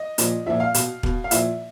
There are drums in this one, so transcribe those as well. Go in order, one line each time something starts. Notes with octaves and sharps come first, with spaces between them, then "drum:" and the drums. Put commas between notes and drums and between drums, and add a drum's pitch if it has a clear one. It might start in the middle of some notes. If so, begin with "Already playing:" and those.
Already playing: D#5
A#2 F3, drum: hi-hat
A#2 F3 E5
F5
B2, drum: hi-hat
B2, drum: kick
F5
A#2 F3 E5, drum: hi-hat